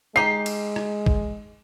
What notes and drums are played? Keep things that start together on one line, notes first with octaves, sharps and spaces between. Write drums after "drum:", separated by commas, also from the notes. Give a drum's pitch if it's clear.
G#3 D#4 G4 C7
drum: cymbal
drum: rim click
drum: kick